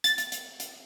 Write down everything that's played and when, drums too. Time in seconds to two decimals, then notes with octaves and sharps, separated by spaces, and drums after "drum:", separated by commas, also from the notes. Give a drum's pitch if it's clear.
0.04 A6, drum: hi-hat
0.18 drum: hi-hat
0.32 drum: hi-hat
0.60 drum: hi-hat